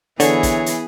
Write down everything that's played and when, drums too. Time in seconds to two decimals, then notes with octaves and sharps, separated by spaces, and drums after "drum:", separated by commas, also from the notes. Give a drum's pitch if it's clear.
0.20 D3 E3 B3 G#4 C#5, drum: hi-hat
0.43 drum: kick, hi-hat
0.66 drum: hi-hat